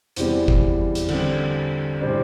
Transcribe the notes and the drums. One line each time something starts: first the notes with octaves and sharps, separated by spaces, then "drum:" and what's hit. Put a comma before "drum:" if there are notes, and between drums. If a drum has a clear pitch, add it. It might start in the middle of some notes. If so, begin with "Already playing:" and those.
E2 C3 E3 G3 C5, drum: hi-hat
drum: kick F#1
drum: hi-hat
D3 G3 C4, drum: cymbal
A2 G3 D4 C5